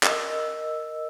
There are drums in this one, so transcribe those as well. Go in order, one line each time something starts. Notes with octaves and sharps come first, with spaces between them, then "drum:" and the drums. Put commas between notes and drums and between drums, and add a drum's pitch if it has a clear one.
A#4 D#5 E6, drum: clap